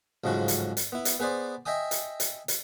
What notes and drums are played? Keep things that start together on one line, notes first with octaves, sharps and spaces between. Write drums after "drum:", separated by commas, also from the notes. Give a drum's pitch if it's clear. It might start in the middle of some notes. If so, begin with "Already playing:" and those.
A1 G#2 C#3 F3 F#3 F#4
drum: hi-hat
drum: hi-hat
B3 E4
drum: hi-hat
B3 G#4 B4 C5 D5
D#5 E5 G5 G#5 D#6
drum: hi-hat
drum: hi-hat
drum: hi-hat